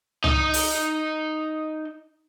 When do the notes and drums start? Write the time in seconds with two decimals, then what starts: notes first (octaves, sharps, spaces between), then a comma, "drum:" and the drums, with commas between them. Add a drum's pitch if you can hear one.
0.24 D#4 D#5, drum: tom C2
0.53 drum: open hi-hat